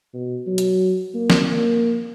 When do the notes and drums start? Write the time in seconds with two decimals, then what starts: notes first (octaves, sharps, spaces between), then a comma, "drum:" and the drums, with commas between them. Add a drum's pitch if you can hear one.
0.14 B2
0.47 F#3
0.58 drum: hi-hat
1.14 A#3
1.30 drum: snare
1.48 A#3